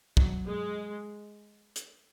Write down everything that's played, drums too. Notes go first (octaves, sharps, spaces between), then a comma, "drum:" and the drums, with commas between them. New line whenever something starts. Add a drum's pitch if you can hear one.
F#3, drum: kick
G#3
drum: hi-hat